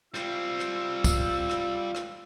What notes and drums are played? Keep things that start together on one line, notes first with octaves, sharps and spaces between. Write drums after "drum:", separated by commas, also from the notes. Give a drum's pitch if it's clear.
G3 C4 F4 E6, drum: rim click
drum: rim click
drum: kick, tambourine
drum: rim click
drum: rim click